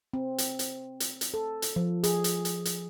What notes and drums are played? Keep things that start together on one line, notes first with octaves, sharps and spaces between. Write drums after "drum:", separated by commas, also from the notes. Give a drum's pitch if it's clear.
C4
drum: hi-hat
drum: hi-hat
drum: hi-hat
drum: hi-hat
A4
drum: hi-hat
F3
G#4, drum: hi-hat
drum: hi-hat
drum: hi-hat
drum: hi-hat